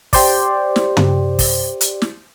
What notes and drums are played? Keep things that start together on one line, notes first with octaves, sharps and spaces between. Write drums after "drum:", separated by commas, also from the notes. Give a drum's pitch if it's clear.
G4 C5 D5, drum: kick, open hi-hat
drum: snare
drum: tom
drum: kick, open hi-hat
drum: hi-hat
drum: snare